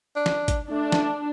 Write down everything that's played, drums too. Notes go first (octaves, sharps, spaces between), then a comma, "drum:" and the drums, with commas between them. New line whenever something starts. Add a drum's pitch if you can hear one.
D4
drum: snare
drum: kick G#1, hi-hat
A3 D4
drum: snare